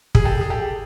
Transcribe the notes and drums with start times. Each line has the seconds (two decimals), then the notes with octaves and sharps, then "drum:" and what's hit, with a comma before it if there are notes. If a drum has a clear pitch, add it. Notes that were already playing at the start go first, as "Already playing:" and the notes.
0.15 G#4, drum: kick
0.25 G4 A4
0.41 G#4
0.50 G4 A4